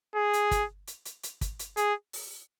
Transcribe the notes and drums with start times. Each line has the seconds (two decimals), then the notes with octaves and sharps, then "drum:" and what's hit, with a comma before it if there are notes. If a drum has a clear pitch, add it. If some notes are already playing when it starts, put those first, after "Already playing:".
0.15 G#4
0.33 drum: hi-hat
0.51 drum: kick, hi-hat
0.87 drum: hi-hat
1.05 drum: hi-hat
1.23 drum: hi-hat
1.41 drum: kick, hi-hat
1.59 drum: hi-hat
1.77 G#4, drum: hi-hat
2.13 drum: open hi-hat